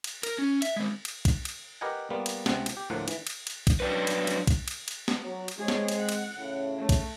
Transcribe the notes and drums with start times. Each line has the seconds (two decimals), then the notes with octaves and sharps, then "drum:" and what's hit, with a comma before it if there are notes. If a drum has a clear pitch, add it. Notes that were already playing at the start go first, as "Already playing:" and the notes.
0.04 drum: cymbal
0.23 A#4, drum: cymbal
0.38 C#4
0.62 E5, drum: cymbal
0.76 G#3 C4
1.05 drum: cymbal
1.25 drum: kick, cymbal
1.45 drum: cymbal
1.81 G4 A#4 B4 D#5 F#5 G#5
2.10 G3 A#3 B3 F4
2.26 drum: cymbal
2.46 C#2 C3 C4 F#5, drum: snare
2.66 drum: cymbal
2.77 G4
2.90 D2 A2 F3 A#3 F#5
3.08 E3, drum: cymbal
3.27 drum: cymbal
3.47 drum: cymbal
3.67 drum: kick, cymbal
3.80 F#3 D4 B4
4.07 drum: cymbal
4.27 drum: cymbal
4.47 drum: kick, cymbal
4.68 drum: cymbal
4.88 drum: cymbal
5.08 drum: snare
5.23 F#3
5.48 drum: cymbal
5.57 G#3 C4 G#4 C#5
5.68 drum: snare
5.88 drum: cymbal
5.98 F#5
6.09 drum: cymbal
6.35 A2 C#3
6.78 A3
6.89 drum: kick, cymbal